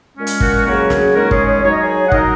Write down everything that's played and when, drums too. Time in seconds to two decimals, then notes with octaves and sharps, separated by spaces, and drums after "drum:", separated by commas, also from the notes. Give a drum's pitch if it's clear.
0.16 A#2 G#3 C#4
0.27 drum: hi-hat
0.40 F#4 A#4, drum: kick
0.65 C#3 F#3 A#3 C#4 F#4 A#4
0.90 G#4, drum: snare
1.14 D#3 G#3 C#4 F#4 A#4
1.31 G#4 C#5, drum: kick
1.46 G#4 C#5
1.63 F#3 D#4 C#5
1.72 D#5
1.81 G#4 C#5
2.08 F#5
2.12 F#3 D#4 A#4 D#5, drum: kick